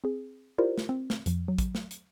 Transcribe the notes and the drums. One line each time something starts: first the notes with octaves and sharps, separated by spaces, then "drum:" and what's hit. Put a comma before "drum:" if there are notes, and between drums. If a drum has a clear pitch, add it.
C4 G#4
E4 F4 G4 A#4 C5 D5
drum: snare
C4
drum: snare
F2 F3, drum: hi-hat
F#3
drum: kick, hi-hat
drum: snare
drum: hi-hat